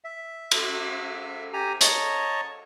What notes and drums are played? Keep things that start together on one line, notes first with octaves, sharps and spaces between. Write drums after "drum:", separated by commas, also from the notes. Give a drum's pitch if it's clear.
E5
drum: cymbal
G4 G#5 A#5
C#5 D#5 A5 A#5 C#6, drum: hi-hat